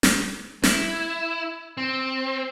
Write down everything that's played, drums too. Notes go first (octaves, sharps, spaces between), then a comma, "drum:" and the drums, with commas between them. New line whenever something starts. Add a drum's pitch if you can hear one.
drum: snare
E4, drum: snare
C4